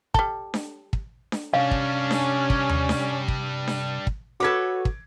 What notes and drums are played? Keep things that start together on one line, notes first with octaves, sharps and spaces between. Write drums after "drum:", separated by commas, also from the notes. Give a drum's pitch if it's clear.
G3 A4, drum: kick
drum: snare D4
drum: kick
drum: snare D4
C3 G3 C#4 D4 F5
drum: kick
drum: snare D4
drum: kick
drum: tom D#2
drum: snare D4
drum: kick
drum: snare D4
drum: kick
F#4 A4 B4 C#5 D6 G#6
drum: kick